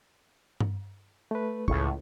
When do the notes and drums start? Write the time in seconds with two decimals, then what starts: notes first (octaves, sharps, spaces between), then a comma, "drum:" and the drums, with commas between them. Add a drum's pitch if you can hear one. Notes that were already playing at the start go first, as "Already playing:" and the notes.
0.60 drum: tom G2
1.31 A3 B4
1.68 C#2 A2 C#6, drum: kick